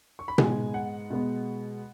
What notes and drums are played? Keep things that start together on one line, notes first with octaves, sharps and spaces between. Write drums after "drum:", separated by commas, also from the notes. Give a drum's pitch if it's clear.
C#6
B5
G#2 G#3 B3 G#5, drum: tom B2
F#5
B2 G#3 B3